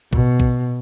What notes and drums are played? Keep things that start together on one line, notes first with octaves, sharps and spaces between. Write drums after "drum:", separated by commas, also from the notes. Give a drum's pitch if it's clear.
B2, drum: kick A#1
drum: kick A#1